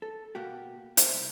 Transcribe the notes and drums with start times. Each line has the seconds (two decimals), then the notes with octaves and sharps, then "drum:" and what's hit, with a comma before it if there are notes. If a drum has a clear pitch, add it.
0.02 A4
0.35 B2 A#3 F#4 G4
0.97 E4 A#4 C5 D5, drum: hi-hat
1.13 C2